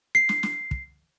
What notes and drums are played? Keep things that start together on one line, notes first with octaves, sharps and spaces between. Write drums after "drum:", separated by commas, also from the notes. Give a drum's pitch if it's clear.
C7
drum: snare
drum: snare
drum: kick